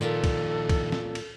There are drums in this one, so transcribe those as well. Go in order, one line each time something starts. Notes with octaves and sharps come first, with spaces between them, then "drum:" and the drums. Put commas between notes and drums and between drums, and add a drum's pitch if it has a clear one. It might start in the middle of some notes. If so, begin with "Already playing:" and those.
A#2 D#3 F3 A4
drum: kick, cymbal
drum: kick, cymbal
drum: snare
drum: cymbal